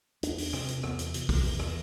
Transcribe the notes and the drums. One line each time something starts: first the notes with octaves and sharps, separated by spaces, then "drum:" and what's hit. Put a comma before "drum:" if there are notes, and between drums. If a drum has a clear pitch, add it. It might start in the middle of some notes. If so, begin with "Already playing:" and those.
E2 D4, drum: hi-hat
drum: open hi-hat
C3 C4, drum: rim click
drum: hi-hat
E2 B3, drum: rim click
drum: hi-hat
C3, drum: hi-hat
drum: kick, open hi-hat
E2 E3
drum: rim click